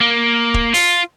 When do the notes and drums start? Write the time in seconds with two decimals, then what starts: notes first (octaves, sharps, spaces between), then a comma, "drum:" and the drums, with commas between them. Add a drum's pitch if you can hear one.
0.01 A#3
0.54 drum: kick E1
0.74 F4, drum: open hi-hat